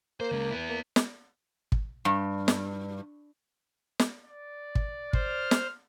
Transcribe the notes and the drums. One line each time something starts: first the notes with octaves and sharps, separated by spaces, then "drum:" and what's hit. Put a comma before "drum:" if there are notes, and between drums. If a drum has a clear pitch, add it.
A#3 C5
C#3 G#3
B3 E4
A#3
drum: snare
drum: kick
G2
drum: snare
drum: snare
D5
drum: kick
C5 F6, drum: kick
drum: snare